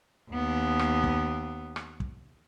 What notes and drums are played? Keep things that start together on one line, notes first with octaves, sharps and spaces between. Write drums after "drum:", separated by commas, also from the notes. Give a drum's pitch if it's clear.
D#2 B3
drum: rim click
drum: kick
drum: rim click
drum: kick